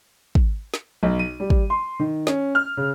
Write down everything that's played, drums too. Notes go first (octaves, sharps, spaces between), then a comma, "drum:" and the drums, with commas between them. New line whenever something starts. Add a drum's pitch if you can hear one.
drum: kick
drum: snare
B1
D#7
G3
drum: kick
C6
D#3
C#4, drum: snare
F6
C#3